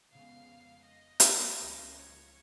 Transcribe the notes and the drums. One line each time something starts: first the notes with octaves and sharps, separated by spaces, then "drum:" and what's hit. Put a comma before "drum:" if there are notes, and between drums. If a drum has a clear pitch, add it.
F2 C#3 G#3 B3 F5
D#5
drum: hi-hat
C#2 C#3 F3 A#3 C#4
C#5